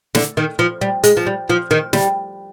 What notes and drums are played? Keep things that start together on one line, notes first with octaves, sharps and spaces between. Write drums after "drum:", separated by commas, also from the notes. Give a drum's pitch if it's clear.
D3, drum: snare
D#3
F3
G3
G#3, drum: hi-hat
F3
G3
F3
D#3
G3, drum: snare